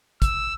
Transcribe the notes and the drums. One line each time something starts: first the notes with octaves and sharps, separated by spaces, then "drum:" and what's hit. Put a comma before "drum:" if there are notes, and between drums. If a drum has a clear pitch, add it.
E6, drum: kick, hi-hat